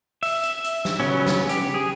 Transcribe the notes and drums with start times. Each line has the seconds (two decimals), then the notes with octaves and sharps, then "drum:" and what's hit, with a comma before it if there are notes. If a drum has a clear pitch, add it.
0.23 E5, drum: open hi-hat
0.43 drum: hi-hat
0.64 drum: hi-hat
0.85 drum: snare
1.00 C#3 F#3 B3 C#4
1.27 drum: snare
1.49 G4, drum: hi-hat
1.74 G#4